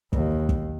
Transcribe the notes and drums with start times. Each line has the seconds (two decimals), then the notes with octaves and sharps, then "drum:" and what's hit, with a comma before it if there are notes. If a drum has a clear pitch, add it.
0.13 D#2, drum: kick
0.49 drum: kick